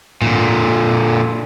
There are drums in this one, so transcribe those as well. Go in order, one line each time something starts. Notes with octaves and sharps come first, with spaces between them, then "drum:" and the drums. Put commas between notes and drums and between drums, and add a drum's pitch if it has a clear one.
A#2 D3, drum: tom G#2